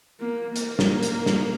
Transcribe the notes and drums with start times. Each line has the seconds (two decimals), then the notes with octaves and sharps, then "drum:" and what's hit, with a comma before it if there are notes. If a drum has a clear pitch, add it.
0.20 A#3
0.56 A#3, drum: hi-hat
0.79 drum: snare
1.03 drum: hi-hat
1.26 drum: snare